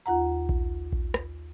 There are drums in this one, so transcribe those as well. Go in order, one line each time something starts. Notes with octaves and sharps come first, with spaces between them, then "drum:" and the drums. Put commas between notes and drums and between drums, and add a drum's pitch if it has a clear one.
D#2 F4 F#5 A#5
drum: kick A#1
drum: kick A#1
drum: rim click